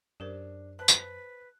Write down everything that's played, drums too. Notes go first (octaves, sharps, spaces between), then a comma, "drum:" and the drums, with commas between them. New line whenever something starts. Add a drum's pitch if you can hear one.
F#2 D4 G4 A#4 C5
B4 C5 A5 F#6
drum: tambourine